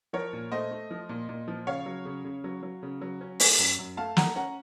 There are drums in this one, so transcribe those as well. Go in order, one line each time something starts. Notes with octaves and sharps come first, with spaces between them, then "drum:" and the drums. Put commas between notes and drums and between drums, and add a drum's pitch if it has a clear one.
F3 A#4 C#5
A#2
A3 C5 D#5
A3
F3
A#2
A#2
F3
C#3 C#5 F5
F#3
C#3
C#3
F#3
F#3
C#3
F#3
C#4
A3, drum: open hi-hat
F#2
F#2
A3 F5 A5
A3 F#5 A#5, drum: snare
C#4 F#5 A#5